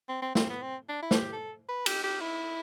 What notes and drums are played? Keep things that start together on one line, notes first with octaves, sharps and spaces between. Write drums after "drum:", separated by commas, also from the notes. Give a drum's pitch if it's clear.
C4
C4
C4, drum: snare
B3
C4
D4
E4
A4, drum: snare
G4
A4
B4
G4, drum: cymbal
G4
E4